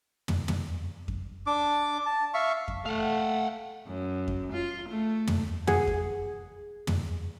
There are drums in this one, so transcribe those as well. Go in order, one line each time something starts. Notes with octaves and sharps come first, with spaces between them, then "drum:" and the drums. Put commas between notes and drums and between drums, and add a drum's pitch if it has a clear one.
drum: tom
drum: tom
drum: kick F2
D4 D6
A5
E5 F5 C#6
drum: kick F2
A3 F5 F#5
F#2
drum: kick F2
F4
A3
drum: tom
G#4 F#5 G#5, drum: tom
drum: kick F2
drum: tom